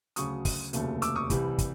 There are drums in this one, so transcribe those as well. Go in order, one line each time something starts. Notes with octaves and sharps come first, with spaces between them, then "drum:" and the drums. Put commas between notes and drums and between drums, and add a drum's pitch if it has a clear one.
D2 C#3 F#3 C#6 D#6, drum: hi-hat
drum: kick, open hi-hat
F1 D#2 C#3 F#3 A3, drum: hi-hat
D6 E6, drum: hi-hat
C#6 D#6
C2 C3 E3 G3, drum: kick, hi-hat
drum: kick, hi-hat